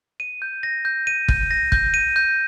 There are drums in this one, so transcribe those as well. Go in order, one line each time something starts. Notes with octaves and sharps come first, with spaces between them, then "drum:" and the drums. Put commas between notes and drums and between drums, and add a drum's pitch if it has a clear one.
D#7
G6
A#6
G6
D#7
G6, drum: kick
A#6
G6, drum: kick
D#7
G6